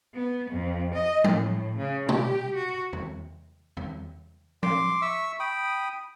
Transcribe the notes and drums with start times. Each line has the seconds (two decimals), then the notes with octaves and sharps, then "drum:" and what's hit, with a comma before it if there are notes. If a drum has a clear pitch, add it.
0.13 B3
0.50 F2
0.93 D#5
1.24 A2, drum: tom F3
1.77 C#3
2.09 G4, drum: tom
2.55 F#4
2.93 drum: tom E2
3.77 drum: tom E2
4.63 C6 D6, drum: tom F3
5.02 E5 C#6 E6
5.40 G5 B5 D#6